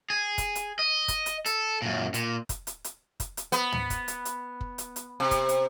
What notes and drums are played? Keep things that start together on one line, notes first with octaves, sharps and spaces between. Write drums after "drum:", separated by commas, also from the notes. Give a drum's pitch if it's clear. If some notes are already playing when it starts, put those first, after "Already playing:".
G#4
drum: kick, hi-hat
drum: hi-hat
D#5
drum: kick, hi-hat
drum: hi-hat
A4, drum: hi-hat
F#2 A#2
A#2, drum: hi-hat
drum: kick, hi-hat
drum: hi-hat
drum: hi-hat
drum: kick, hi-hat
drum: hi-hat
B3, drum: hi-hat
drum: tom
drum: kick, hi-hat
drum: hi-hat
drum: hi-hat
drum: kick
drum: hi-hat
drum: hi-hat
C3
drum: kick, hi-hat
drum: hi-hat